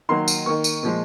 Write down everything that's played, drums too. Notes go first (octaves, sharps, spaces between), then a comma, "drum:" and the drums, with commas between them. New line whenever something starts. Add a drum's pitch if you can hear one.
D#3 F#3 A#3 C6
drum: tambourine
D#3 A#3 C#6
drum: tambourine
A#2 F3 G#3